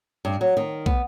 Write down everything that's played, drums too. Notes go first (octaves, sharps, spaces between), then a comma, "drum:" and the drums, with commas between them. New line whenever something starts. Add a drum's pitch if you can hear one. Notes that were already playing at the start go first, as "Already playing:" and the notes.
G2
F#3
D#3
B3, drum: kick